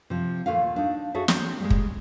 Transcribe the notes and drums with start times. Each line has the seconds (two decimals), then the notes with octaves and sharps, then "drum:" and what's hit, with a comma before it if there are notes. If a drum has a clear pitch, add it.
0.10 C3 F3
0.46 D#2 A#2 A3 F4 F5
0.76 D4 D#4
1.14 F#4 G#4 A4 C#5 E5
1.28 A3 C4, drum: snare
1.60 G3 G#3
1.70 drum: kick